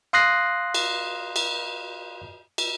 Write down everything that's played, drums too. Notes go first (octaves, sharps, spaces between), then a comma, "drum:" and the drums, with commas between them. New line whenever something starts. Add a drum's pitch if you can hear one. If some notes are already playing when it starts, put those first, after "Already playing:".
F5 C6 D#6 F#6 A#6 C7
drum: cymbal
drum: cymbal
drum: cymbal